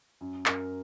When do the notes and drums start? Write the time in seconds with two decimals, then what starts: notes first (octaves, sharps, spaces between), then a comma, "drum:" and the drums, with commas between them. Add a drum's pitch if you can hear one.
0.21 F#2
0.46 F#2 A#4, drum: clap